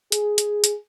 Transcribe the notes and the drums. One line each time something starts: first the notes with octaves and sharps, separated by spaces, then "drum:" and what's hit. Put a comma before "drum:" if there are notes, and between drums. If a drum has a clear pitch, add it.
G#4, drum: hi-hat
drum: hi-hat
drum: hi-hat